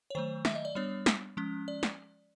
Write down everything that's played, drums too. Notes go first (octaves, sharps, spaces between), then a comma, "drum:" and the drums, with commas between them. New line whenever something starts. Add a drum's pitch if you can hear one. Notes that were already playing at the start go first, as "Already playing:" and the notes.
C#5
D#3 F#3 A3 C5
E5, drum: snare
D#5
D5
G3 B3 D4 C#5
drum: snare
F3 G#3 C#4
D5
drum: snare